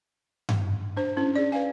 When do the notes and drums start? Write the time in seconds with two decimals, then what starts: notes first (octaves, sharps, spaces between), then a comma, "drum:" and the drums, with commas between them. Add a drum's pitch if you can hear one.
0.49 drum: tom G2
0.97 D4 C5
1.17 C#4 E4
1.36 G#4 D5
1.52 B4 D5 F5 G#5